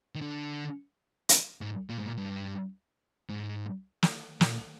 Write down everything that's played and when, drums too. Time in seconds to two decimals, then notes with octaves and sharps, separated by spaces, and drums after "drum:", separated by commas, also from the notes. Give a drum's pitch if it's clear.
0.15 D#3
0.21 D3
1.29 drum: hi-hat
1.61 G#2
1.89 A#2
1.98 G#2
2.06 A#2
2.17 G2
3.29 G#2
4.03 drum: snare
4.41 A#2, drum: snare